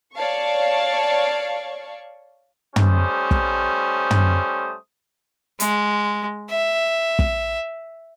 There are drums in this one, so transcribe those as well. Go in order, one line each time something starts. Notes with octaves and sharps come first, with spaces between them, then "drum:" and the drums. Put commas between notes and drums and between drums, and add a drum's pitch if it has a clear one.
C#5 D5 F5 A5 C#6
G3 A3 C#4 G4 C5 D#6, drum: tom
drum: kick
drum: tom
G#3, drum: hi-hat
E5
drum: kick